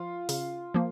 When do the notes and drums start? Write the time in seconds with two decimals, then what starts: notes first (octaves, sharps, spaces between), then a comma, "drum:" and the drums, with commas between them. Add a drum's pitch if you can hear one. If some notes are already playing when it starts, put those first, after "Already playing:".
Already playing: F3 F4
0.29 C#3, drum: open hi-hat
0.74 F3 A#3